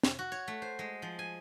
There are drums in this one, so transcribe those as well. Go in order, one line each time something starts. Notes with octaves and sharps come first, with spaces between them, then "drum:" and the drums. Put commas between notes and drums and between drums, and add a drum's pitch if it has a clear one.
drum: snare
F#4
C#5
A3
C5
G#3
F3
G#5